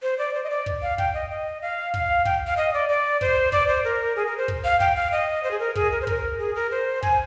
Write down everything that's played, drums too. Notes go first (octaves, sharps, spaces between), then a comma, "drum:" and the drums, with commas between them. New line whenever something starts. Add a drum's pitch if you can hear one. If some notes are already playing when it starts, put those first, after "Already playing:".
C5
D5
C5
D#5
D5
drum: kick
F5
G5, drum: kick
D#5
D#5
F5
F5, drum: kick
G5, drum: kick
F5
D#5
D5
D5
C5, drum: kick
D5, drum: kick
C5
A#4
G#4
A#4
C5
drum: kick
F5
G5, drum: kick
F5
D#5
C5
G#4
A#4
G#4, drum: kick
A#4
C5
A#4, drum: kick
G#4
A#4
C5
G#5, drum: kick